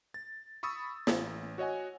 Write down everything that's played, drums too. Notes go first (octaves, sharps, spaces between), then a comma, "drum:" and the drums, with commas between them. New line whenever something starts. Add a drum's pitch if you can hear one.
A6
B5 C#6 D#6 E6 A6
A1, drum: snare
F#4 C#5 D#5 F#5 G#5